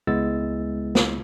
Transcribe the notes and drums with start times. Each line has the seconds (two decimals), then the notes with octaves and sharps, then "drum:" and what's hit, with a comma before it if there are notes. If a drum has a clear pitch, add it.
0.07 C#2 G#3 B3 E4 E6 A6
0.95 drum: snare